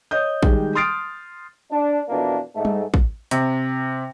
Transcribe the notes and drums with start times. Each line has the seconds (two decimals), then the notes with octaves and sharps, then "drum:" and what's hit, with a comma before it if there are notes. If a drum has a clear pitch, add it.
0.11 C#5 D#5 D#6 G6
0.43 D#3 G3 G#3, drum: kick
0.75 C6 D#6 F6 A6 C7 D7
1.72 D4
2.09 F2 B2 E3 A#3 D4
2.56 G#2 A3
2.65 drum: tom G3
2.94 drum: kick
3.31 C3, drum: hi-hat